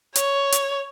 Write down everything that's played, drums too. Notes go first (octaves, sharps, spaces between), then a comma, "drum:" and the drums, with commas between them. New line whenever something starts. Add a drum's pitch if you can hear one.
C#5, drum: hi-hat
drum: hi-hat